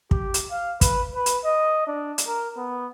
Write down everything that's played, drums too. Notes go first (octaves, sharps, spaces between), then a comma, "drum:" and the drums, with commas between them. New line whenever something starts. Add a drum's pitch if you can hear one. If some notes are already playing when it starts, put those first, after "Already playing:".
G4, drum: kick
drum: hi-hat
F5
B4, drum: kick, hi-hat
B4
drum: hi-hat
D#5
D4
drum: hi-hat
A#4
B3